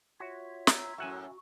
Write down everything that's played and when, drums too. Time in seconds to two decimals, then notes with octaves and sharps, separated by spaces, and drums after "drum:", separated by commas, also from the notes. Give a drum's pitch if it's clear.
0.20 F4 F#4 C#5 E5
0.67 A#5 E6, drum: snare
0.98 F#2 A2 F#4 E5 F#5 G#5